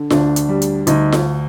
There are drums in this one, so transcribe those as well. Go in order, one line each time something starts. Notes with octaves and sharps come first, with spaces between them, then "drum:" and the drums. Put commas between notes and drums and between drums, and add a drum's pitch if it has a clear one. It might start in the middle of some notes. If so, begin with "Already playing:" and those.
Already playing: D3
D2 D4, drum: snare F4
drum: hi-hat
G3
drum: hi-hat
D2 D#4, drum: hi-hat
drum: snare F4